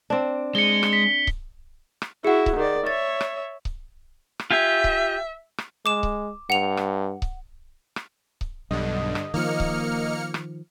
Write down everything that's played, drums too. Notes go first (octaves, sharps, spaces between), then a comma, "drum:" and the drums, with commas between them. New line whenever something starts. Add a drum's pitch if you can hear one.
C4 D4
G#3 C#7 G7
drum: rim click
B6
drum: kick C#1
drum: rim click
E4 F#4 G#4 F#5
drum: kick C#1
D#3 D5
C#5 E5 A6
drum: rim click
drum: kick C#1
drum: rim click
F4 G4 E5 G#5
drum: kick C#1
drum: rim click
G#3 D6 E7
drum: kick C#1
G2 F#5 F7
drum: rim click
drum: kick C#1
drum: rim click
drum: kick C#1
B1 G2 D3 D#5
drum: rim click
D#3 F3 A#3 F6 C#7
drum: kick C#1
drum: rim click